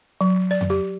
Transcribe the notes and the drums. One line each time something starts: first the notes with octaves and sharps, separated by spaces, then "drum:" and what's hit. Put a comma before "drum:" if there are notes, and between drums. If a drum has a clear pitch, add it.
F#3
D5
drum: tom F2
G4